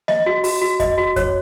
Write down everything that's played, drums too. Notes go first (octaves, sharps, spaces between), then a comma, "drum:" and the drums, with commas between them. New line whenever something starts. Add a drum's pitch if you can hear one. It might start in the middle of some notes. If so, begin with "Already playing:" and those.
D#5, drum: snare A#3
F#4
F#4, drum: open hi-hat
F#4
D#5, drum: kick F2, hi-hat
F#4
C#5, drum: kick F2, hi-hat